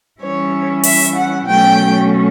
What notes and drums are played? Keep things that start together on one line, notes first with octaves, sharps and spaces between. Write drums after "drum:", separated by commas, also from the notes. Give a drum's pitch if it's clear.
E3 G3 C#4 E4 C#5
E5, drum: open hi-hat
F#5
B2 F#3 A3 C#4 G5